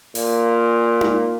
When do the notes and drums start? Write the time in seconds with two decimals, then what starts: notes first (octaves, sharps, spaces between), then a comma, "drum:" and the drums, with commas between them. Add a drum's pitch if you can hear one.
0.15 A#2, drum: open hi-hat
1.01 drum: tom D#4